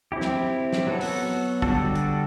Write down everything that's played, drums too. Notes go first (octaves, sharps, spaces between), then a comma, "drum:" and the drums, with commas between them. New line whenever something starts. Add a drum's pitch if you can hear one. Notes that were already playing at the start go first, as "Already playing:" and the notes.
C4 E4 G4
drum: snare
drum: snare
F#3 B3 F#4 A4
drum: open hi-hat
D3 G3 D4 F#4 A4, drum: kick
drum: hi-hat